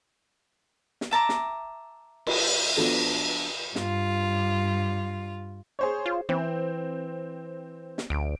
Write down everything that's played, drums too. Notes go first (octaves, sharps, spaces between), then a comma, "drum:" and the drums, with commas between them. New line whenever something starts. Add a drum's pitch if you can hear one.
drum: snare
E5 A5 A#5 D6
drum: snare
drum: cymbal
F3 B3 D4 F#4 A4
G2 F4, drum: snare
G#4 C5 C#5
F4
E3 C4
drum: snare
D2 D7